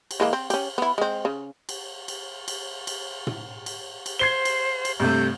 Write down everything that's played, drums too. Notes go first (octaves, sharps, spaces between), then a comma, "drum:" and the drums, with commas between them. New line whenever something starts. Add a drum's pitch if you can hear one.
drum: cymbal
E3 G#3 A#3
C4
C#4 G4, drum: cymbal
B3 E4
G#3 C4
C#3
drum: cymbal
drum: cymbal
drum: cymbal
drum: cymbal
drum: tom
drum: cymbal
drum: cymbal
C5 G#6 C7 G7
drum: cymbal
drum: cymbal
G2 C3 A3 G6